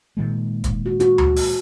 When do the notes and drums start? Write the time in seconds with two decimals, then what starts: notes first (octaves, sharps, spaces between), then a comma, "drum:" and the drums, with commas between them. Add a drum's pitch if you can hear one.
0.17 A#2 D#3 G#3
0.64 drum: kick E1, hi-hat
0.86 F#4
1.00 F#4, drum: hi-hat
1.18 drum: tom D2
1.36 drum: open hi-hat